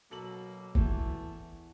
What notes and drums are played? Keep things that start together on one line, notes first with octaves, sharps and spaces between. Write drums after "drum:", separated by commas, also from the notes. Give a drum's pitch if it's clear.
B2 F#3 A#3 A4 F#7
E2 E3 A3, drum: kick